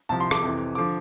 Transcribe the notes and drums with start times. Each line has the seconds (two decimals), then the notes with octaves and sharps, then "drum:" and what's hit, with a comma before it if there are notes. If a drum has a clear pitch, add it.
0.09 C2 C3 F3 A5
0.20 C6
0.31 D6, drum: rim click
0.42 F2 C3 E3
0.75 D3 F3 D6